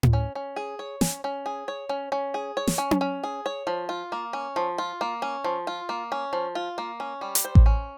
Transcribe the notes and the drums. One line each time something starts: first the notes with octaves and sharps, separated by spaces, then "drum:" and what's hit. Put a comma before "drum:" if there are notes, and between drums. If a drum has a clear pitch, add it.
drum: tom A2
C#4
C#4
G#4
C#5
C#4, drum: snare
C#4
G#4
C#5
C#4
C#4
G#4
C#5
drum: snare
C#4
drum: tom C#4
C#4
G#4
C#5
F3
F4
A#3
C#4
F3
F4
A#3
C#4
F3
F4
A#3
C#4
F3
F4
A#3
C#4
G3
drum: hi-hat
C5
drum: kick A1
C#4